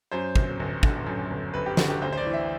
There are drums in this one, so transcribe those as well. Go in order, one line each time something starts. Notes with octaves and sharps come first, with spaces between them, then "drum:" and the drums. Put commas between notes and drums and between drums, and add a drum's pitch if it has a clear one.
F#2 C5
G1, drum: kick
G1
D3, drum: kick
F#2
G1
G1 B4
G4
D3 F#4, drum: snare
G4
D2 C5
C5
D5
E3
E5